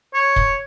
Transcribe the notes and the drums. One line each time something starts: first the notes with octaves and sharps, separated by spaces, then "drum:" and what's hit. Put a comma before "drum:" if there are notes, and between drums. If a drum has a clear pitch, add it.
C#5
drum: kick